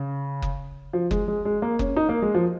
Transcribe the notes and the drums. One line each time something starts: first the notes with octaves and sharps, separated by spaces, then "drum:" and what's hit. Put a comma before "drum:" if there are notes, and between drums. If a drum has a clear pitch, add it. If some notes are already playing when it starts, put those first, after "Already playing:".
Already playing: C#3
drum: kick F#1
F3
G#3, drum: kick F#1
G#3
G#3
A#3
C#4, drum: kick F#1
D#4
A#3
G#3
F3